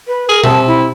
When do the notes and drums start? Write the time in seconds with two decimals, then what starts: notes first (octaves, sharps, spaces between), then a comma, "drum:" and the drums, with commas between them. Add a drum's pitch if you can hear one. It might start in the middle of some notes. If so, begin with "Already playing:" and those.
0.07 B4
0.29 G#4 A#4
0.44 C3 A5, drum: tom B2
0.67 E4